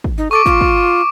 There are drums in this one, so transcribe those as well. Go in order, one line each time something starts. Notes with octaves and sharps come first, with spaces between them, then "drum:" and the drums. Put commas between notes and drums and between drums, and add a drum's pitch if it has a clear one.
drum: kick
D#4
A4 C#6 D6 D7
F4, drum: kick
drum: kick